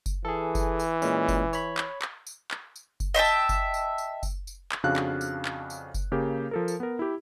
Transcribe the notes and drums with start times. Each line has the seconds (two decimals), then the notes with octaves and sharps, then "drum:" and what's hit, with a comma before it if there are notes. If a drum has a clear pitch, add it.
0.06 drum: kick F#1, tambourine
0.25 E3 G#4 A4
0.55 drum: kick F#1, tambourine
0.79 drum: tambourine
1.02 A#2 G#3 C#4, drum: tambourine
1.28 drum: kick F#1, tambourine
1.53 C#5 B5, drum: tambourine
1.78 drum: clap
2.02 drum: clap
2.27 drum: tambourine
2.51 drum: clap
2.76 drum: tambourine
3.00 drum: kick F#1, tambourine
3.14 D#5 E5 G5 A5
3.25 drum: tambourine
3.49 drum: kick F#1, tambourine
3.74 drum: tambourine
3.98 drum: tambourine
4.23 drum: kick F#1, tambourine
4.47 drum: tambourine
4.72 drum: clap
4.83 F2 C#3 D4 F#4 F5 F#6
4.96 drum: clap
5.21 drum: tambourine
5.45 drum: clap
5.70 drum: tambourine
5.94 drum: kick F#1, tambourine
6.12 C#3 A#3 G4 A#4
6.51 F3 A4 A#4
6.68 drum: tambourine
6.80 B3 A#4
6.99 E4 G4